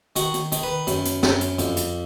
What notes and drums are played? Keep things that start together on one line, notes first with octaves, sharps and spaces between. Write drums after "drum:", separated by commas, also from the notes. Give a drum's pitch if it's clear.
D#3 F#4, drum: hi-hat
drum: hi-hat
D#3, drum: hi-hat
B4
F#2, drum: hi-hat
drum: hi-hat
F#2, drum: snare
drum: hi-hat
F2, drum: hi-hat
drum: hi-hat